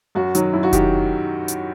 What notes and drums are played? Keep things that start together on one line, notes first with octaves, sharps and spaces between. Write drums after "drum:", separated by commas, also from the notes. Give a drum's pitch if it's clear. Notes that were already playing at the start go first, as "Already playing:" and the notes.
F#2 F#4
D#3 F#3, drum: hi-hat
F#2 E4
F#4
D#3 G4, drum: kick F1, hi-hat
drum: hi-hat